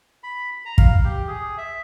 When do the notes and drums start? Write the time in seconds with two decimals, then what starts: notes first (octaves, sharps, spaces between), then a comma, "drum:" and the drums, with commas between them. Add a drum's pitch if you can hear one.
0.23 B5
0.65 A#5
0.78 F5, drum: kick
1.04 G4
1.27 G#4
1.58 E5